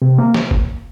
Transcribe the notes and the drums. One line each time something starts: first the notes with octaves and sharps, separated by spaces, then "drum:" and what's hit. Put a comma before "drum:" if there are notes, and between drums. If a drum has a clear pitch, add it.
C3
A#3
drum: snare
drum: kick F#1